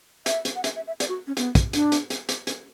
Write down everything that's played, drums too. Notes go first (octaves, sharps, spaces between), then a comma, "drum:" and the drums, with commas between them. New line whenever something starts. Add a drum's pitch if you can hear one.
E5, drum: hi-hat
drum: hi-hat
F#5
E5, drum: hi-hat
E5
E5
D5, drum: hi-hat
F#4
C#4
B3, drum: hi-hat
drum: kick, hi-hat
D4, drum: hi-hat
drum: hi-hat
drum: hi-hat
drum: hi-hat
drum: hi-hat